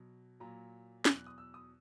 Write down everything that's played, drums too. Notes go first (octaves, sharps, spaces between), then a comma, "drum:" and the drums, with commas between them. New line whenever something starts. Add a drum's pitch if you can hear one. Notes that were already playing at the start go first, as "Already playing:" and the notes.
Already playing: B2 F#3
A#2 F#3 A#5
E2 B2 F#3 F#6, drum: snare
F#6
D#6
E6
D#6